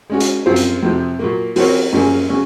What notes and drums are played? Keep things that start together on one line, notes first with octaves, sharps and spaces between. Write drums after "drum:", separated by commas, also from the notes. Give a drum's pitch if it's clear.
G#3 C#4 F#4
drum: hi-hat
F#2 F3 C4 F4 C5
drum: hi-hat
F2 C3 F3
A#2 F#3 A#3
F3 C4 F#4 A#4 C#5, drum: open hi-hat
F#2 F3 A#3 C#4 G#4
C#3 F#3 C#4 F#4